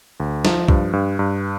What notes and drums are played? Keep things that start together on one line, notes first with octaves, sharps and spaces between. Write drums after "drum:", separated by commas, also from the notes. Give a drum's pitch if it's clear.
D2
F3, drum: snare
G2, drum: kick B1
G2
G2